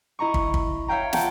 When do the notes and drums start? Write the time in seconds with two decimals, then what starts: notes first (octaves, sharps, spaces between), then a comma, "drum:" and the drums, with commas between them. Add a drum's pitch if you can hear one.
0.19 E4 D#5 A#5 C#6
0.34 drum: kick
0.54 drum: kick
0.88 C#5 E5 F5 G5 A#5
1.13 F4 F#5 G5 A5 A#5, drum: snare